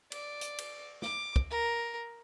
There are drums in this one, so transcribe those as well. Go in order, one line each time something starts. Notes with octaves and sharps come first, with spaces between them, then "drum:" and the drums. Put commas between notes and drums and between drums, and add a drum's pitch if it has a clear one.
D5, drum: cymbal
drum: hi-hat
drum: cymbal
D6, drum: snare
drum: kick
A#4